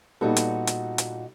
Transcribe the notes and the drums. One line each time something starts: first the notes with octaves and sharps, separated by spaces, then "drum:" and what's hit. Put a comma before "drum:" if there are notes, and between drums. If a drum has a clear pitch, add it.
A#2 G3 B3 D#4 F#4 A4
drum: hi-hat
drum: hi-hat
drum: hi-hat